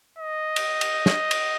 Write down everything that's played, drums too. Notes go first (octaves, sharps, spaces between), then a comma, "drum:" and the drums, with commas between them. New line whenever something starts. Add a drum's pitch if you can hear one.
D#5
drum: cymbal
drum: cymbal
drum: snare
drum: cymbal